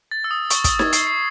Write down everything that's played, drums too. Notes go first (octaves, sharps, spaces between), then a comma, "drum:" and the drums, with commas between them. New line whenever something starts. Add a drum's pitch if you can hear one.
A6
E6
D#6
C#6, drum: hi-hat
D#6, drum: kick, hi-hat
G#6, drum: snare D#4
C7, drum: hi-hat
C7